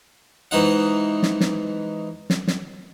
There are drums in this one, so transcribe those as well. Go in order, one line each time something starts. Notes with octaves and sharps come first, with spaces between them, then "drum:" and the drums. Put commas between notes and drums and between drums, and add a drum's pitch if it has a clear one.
G#2 E3 D#4 F#5
drum: snare
drum: snare
drum: snare
drum: snare